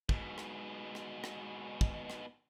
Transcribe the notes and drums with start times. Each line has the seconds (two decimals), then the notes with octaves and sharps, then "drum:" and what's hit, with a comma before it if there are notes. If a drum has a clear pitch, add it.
0.09 G#2 B2, drum: kick
0.38 drum: rim click
0.95 drum: rim click
1.24 drum: rim click
1.81 drum: kick
2.10 drum: rim click